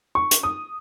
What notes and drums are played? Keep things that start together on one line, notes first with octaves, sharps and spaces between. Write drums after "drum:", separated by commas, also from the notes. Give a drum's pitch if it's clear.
C#6
drum: hi-hat
D#6